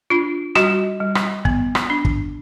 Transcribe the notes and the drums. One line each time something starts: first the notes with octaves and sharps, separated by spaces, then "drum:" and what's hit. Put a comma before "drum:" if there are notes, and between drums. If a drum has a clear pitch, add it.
D4 F4
G3 F#4, drum: rim click
G3
drum: rim click
B3, drum: kick
drum: rim click
D4
drum: kick